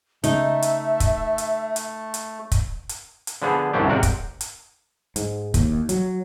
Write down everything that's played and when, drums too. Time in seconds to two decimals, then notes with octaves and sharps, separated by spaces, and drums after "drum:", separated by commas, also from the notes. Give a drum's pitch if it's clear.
0.24 C#3 G#3 A3 D#4 E5, drum: hi-hat
0.62 drum: hi-hat
1.00 drum: kick, hi-hat
1.38 drum: hi-hat
1.76 drum: hi-hat
2.14 drum: hi-hat
2.52 drum: kick, hi-hat
2.89 drum: hi-hat
3.27 drum: hi-hat
3.42 D3 F3 B3 G#4
3.73 C2 F#2 D3 F3 F#3 G4
3.88 G#1 C3 C4 A#4 F#5
4.03 drum: kick, hi-hat
4.41 drum: hi-hat
5.16 G#2, drum: hi-hat
5.54 D#2, drum: kick, hi-hat
5.89 F#3, drum: hi-hat